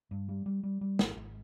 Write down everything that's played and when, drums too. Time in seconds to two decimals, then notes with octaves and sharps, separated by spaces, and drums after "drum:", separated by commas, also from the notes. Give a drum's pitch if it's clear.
0.11 G2
0.28 G3
0.46 G3
0.63 G3
0.81 G3
0.99 G#1, drum: snare
1.16 G#1